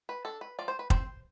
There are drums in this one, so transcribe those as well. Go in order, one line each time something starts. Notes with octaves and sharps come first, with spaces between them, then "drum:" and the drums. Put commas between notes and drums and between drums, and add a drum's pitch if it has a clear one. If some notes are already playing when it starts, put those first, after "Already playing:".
B4
D4 A4
B4
F3 D5
C5
B4
C4 C5, drum: kick